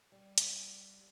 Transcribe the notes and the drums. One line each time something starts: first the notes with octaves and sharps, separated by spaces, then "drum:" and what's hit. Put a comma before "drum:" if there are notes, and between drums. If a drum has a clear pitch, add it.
G3
drum: hi-hat